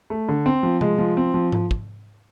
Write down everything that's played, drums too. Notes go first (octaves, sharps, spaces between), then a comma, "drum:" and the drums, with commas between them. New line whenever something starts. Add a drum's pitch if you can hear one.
A3
D3
C4
F3
G#3, drum: tom C3
F3
C4
F3
drum: tom G#2
drum: kick